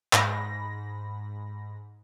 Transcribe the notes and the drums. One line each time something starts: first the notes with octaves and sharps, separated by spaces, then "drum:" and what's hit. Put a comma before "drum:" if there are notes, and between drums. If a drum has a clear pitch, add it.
G#2 B5 A#6, drum: clap